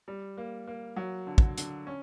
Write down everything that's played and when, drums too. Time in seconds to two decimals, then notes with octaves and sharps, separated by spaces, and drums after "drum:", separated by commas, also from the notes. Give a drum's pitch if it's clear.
0.08 G3
0.37 A#3
0.67 A#3
0.96 F#3
1.27 D3
1.38 drum: kick
1.58 D3, drum: hi-hat
1.87 C#4